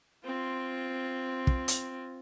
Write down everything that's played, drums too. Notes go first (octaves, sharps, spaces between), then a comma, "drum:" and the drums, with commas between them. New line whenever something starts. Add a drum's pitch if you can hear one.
C4 F4
drum: kick
drum: hi-hat